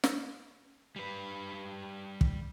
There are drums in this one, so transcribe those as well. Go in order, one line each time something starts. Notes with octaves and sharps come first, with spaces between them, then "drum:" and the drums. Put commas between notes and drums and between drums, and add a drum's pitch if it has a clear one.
drum: snare
G3 B4
drum: kick